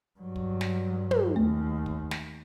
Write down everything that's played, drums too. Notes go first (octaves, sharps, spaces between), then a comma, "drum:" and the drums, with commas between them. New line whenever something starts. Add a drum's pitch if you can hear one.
G2 F#3
drum: kick
drum: snare
drum: tom
D#2 A3
drum: kick
drum: snare